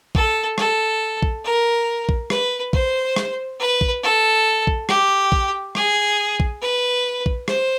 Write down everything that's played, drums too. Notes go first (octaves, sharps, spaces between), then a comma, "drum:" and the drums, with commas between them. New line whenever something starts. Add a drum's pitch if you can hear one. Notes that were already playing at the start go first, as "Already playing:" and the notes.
A4, drum: kick
A4, drum: rim click
drum: kick
A#4
drum: kick
B4, drum: rim click
C5, drum: kick
drum: rim click
B4
drum: kick
A4
drum: kick
G4, drum: rim click
drum: kick
G#4, drum: rim click
drum: kick
B4
drum: kick
C5, drum: rim click